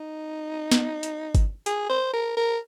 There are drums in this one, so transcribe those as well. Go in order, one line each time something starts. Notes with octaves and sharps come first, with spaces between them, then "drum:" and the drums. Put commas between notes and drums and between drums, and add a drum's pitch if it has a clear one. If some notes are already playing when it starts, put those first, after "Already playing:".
Already playing: D#4
drum: snare
drum: hi-hat
drum: kick G1, hi-hat
G#4, drum: hi-hat
C5
A#4
A#4